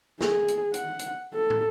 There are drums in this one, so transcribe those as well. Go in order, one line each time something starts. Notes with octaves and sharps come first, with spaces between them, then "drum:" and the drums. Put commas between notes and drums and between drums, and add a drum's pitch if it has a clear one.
G#4, drum: snare
drum: hi-hat
F#5, drum: hi-hat
drum: hi-hat
A4
drum: tom